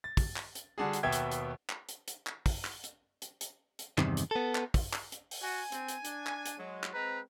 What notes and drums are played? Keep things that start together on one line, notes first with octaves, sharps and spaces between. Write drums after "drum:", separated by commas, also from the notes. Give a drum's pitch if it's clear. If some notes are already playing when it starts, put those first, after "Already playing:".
A6
drum: kick, open hi-hat
drum: clap
drum: hi-hat
D3 G3 D4 F#4 G#4
drum: hi-hat
D#2 B2 B3 E5 G5 G#6
drum: hi-hat
drum: hi-hat
drum: clap
drum: hi-hat
drum: hi-hat
drum: clap
drum: kick, open hi-hat
drum: clap
drum: hi-hat
drum: hi-hat
drum: hi-hat
drum: hi-hat
E2 G2 C3 D#3, drum: clap
drum: hi-hat
B3 A4
drum: clap
drum: kick, open hi-hat
drum: clap
drum: hi-hat
drum: open hi-hat
F#4 G#5
C4, drum: hi-hat
drum: hi-hat
D4, drum: hi-hat
drum: clap
drum: hi-hat
F#3 G#3
drum: clap
G#3 C4 B4 A#5